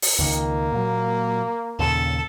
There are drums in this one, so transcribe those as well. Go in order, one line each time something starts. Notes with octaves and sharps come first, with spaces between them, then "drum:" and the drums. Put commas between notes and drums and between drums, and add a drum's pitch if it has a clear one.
drum: open hi-hat
C#2 D#3 A#3
A#2 F#3
D#2 A#2 C#3 A4